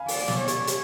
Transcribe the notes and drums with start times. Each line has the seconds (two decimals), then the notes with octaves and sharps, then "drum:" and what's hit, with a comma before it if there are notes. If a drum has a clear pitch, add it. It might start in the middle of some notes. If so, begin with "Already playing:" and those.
Already playing: F5 G#5 B5
0.08 D5, drum: open hi-hat
0.28 drum: snare
0.38 C#5
0.48 drum: hi-hat
0.67 drum: hi-hat